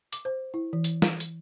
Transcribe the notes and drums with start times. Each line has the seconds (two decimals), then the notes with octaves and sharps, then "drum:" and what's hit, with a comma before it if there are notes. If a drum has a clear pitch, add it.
0.12 D6, drum: hi-hat
0.25 C5
0.54 E4
0.73 E3
0.84 drum: hi-hat
1.02 drum: snare
1.20 drum: hi-hat